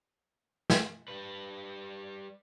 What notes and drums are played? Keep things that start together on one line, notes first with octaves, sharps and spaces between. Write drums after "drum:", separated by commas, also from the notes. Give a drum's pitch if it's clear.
drum: snare
G3 B4